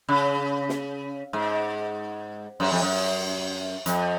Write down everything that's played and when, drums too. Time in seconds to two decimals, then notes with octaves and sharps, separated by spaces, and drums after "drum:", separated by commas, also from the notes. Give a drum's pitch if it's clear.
0.09 C#3
0.69 drum: snare
1.33 G#2
2.60 F#2, drum: cymbal
2.72 F2
2.82 F#2
3.86 F2, drum: hi-hat